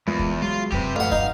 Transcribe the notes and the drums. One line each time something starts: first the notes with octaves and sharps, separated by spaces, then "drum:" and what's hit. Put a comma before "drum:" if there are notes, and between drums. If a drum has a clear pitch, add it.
E2 G#3 F4 A#4
drum: kick
F#3 G#3 F4
F#2 C3 G4 B4, drum: kick
A1 F5 F#5
D#4, drum: kick